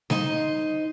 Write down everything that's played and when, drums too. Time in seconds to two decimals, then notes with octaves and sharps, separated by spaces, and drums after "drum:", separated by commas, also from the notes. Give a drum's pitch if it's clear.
0.10 D#4 C5 D#5, drum: snare G3